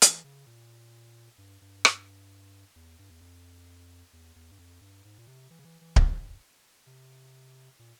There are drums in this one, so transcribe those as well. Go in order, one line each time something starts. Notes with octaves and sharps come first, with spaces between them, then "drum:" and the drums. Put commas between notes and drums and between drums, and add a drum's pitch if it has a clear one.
E3, drum: hi-hat
C#3
A#2
G2
G2
drum: rim click
E2
G2
E2
F2
E2
E2
G2
F2
G2
G#2
A#2
C3
E3
C#3
E3
E3
F3, drum: kick D1
C3
A#2